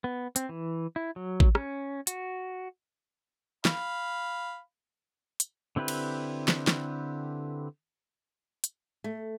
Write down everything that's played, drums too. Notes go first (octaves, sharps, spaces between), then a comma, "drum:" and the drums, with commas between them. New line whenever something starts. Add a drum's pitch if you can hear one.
B3
C4, drum: hi-hat
E3
E4
F#3
drum: kick A1
C#4, drum: rim click
F#4, drum: hi-hat
F5 B5, drum: snare
drum: hi-hat
D3 C4 E4 G4 B4
drum: cymbal
drum: snare
drum: snare
drum: hi-hat
A3